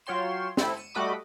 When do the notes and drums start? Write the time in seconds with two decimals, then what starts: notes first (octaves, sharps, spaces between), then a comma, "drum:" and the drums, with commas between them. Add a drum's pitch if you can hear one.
0.06 F#3 F4 C#5 G5 C6 E7
0.57 C4 E4 A4, drum: snare
0.76 C#7 D#7 E7
0.95 G3 A3 F#4 D#5 B5 D6